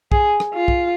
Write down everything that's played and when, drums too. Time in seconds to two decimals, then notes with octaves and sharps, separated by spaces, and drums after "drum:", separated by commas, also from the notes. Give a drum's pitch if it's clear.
0.12 G#4, drum: kick
0.40 drum: rim click
0.54 F4
0.68 drum: kick